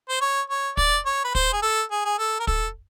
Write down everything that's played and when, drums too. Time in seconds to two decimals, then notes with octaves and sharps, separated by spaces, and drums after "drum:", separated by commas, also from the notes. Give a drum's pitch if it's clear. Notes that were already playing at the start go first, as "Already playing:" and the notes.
0.09 C5
0.21 C#5
0.50 C#5
0.77 D5, drum: kick
1.06 C#5
1.24 B4
1.35 C5, drum: kick
1.53 G#4
1.62 A4
1.91 G#4
2.05 G#4
2.19 A4
2.40 A#4
2.47 A4, drum: kick